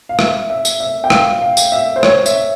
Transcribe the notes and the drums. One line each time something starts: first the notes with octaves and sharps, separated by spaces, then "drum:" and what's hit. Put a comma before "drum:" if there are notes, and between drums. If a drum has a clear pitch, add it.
F5
E5, drum: rim click
E5
drum: tambourine
E5
G5
F5, drum: rim click
F5
drum: tambourine
E5
C5
C#5, drum: rim click
E5, drum: tambourine